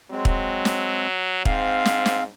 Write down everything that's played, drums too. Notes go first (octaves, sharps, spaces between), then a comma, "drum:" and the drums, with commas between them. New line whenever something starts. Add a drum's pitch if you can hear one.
F#3 G#3 C4
drum: kick
drum: snare
G#2 C4 F5, drum: kick
drum: snare
drum: snare